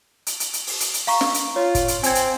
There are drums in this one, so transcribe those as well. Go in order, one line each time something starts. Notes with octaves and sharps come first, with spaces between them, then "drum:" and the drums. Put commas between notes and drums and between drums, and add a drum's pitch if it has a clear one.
drum: hi-hat
drum: hi-hat
drum: hi-hat
drum: open hi-hat
drum: hi-hat
drum: hi-hat
F5 A#5 C#6, drum: open hi-hat
drum: snare
drum: hi-hat
F4 C#5
drum: kick, hi-hat
drum: hi-hat
C4 G#5 G#6, drum: hi-hat
drum: hi-hat